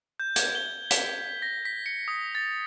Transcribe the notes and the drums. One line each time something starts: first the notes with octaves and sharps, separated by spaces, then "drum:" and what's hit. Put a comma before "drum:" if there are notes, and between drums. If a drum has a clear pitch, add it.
G6
G#6, drum: hi-hat
G7
B6, drum: hi-hat
A#6
B6
C#7
D#6
A6